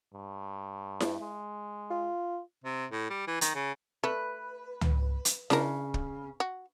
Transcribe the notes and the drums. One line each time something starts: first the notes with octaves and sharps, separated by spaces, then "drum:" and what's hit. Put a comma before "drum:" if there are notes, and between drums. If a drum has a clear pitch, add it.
G2
drum: snare E4
G#3
F4
C3
A2
G3
E3
D#3, drum: hi-hat
C#3
A3 B4
drum: tom C#2
drum: hi-hat
C#3 D4 A#4, drum: snare E4
drum: kick
F#4